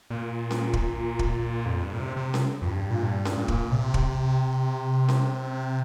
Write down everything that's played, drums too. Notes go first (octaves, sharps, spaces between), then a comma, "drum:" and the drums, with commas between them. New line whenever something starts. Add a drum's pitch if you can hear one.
A#2
drum: snare C#4
drum: kick
drum: kick
F2
G2
A#2
C3
C3
drum: snare C#4
F2
G2
A#2
G2
drum: snare C#4
A#2
drum: kick
C3
drum: kick
drum: snare C#4